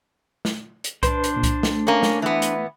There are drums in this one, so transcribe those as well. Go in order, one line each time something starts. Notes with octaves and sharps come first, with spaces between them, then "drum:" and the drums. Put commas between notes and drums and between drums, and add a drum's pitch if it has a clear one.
drum: snare
drum: hi-hat
D4 B4 C5 C6, drum: kick C2, hi-hat
drum: hi-hat
C#2 A#2
drum: kick C2, hi-hat
A3, drum: snare
A#3 C#4
drum: snare
E3 B3
drum: hi-hat